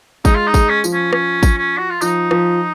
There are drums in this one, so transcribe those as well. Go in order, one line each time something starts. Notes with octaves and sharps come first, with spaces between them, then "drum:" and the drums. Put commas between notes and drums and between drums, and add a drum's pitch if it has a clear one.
G#3 D#4, drum: kick G#1, tambourine
F4
D#4
G#3, drum: kick G#1, tambourine
C#4
F3, drum: tambourine
C#4
C#4, drum: rim click
drum: kick G#1, tambourine
C#4
F#4
F4
F3 D#4, drum: tambourine
F3, drum: rim click